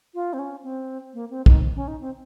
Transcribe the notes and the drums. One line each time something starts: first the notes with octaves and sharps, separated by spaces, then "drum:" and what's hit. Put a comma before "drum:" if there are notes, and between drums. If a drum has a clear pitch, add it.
F4
C4
C#4
C4
A#3
C4
D#4, drum: kick
C#4
D#4
C4